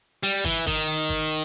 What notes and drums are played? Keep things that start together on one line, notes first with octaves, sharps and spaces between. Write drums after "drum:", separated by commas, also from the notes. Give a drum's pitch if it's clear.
G3
E3, drum: kick
D#3, drum: kick
drum: kick